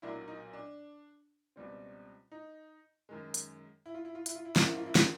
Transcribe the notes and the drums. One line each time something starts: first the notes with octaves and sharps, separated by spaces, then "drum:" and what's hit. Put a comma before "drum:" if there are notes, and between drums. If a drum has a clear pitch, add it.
B1 A#2 F#3 A#3 D4 E4
D#4
D4
C#2 B2 G3 C4
D#4
F#2 D#3 G#3
drum: hi-hat
E4
F4
E4
F4
E4, drum: hi-hat
F4
E4
F4, drum: snare
G#2 F3 A#3 C#4 E4
F4
E4
F4, drum: snare